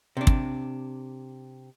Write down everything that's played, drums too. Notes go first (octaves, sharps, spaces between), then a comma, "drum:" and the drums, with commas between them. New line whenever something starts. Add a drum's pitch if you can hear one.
C3 D4
drum: kick